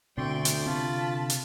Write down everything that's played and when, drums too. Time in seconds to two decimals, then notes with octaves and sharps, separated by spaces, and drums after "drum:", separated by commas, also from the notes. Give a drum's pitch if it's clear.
0.18 D2 B2 D3 C4 D5 G5 C6 C#6
0.45 drum: hi-hat
0.66 C3 C4 F4 A5 B5
1.30 drum: hi-hat